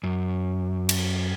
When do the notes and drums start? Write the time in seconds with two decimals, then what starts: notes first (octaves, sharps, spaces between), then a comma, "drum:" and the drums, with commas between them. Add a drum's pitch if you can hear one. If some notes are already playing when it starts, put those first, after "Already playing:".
0.03 F#2
0.89 drum: cymbal